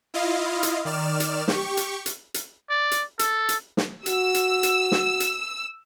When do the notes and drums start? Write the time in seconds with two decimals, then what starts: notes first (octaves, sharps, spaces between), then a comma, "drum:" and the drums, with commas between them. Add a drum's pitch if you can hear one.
0.14 E4 F4 D#5 F5
0.63 drum: hi-hat
0.85 D#3 D5 F6 E7
1.20 drum: hi-hat
1.48 G4 C#6, drum: snare
1.77 drum: hi-hat
2.06 drum: hi-hat
2.34 drum: hi-hat
2.70 D5
2.91 drum: hi-hat
3.19 A4, drum: hi-hat
3.49 drum: hi-hat
3.77 drum: snare
4.06 F#4 E6, drum: hi-hat
4.34 drum: hi-hat
4.63 drum: hi-hat
4.92 drum: snare
5.20 drum: hi-hat